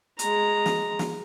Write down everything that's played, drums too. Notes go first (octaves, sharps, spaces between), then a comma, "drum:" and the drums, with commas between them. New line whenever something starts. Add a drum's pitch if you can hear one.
G#3 A#5, drum: hi-hat
drum: snare
drum: snare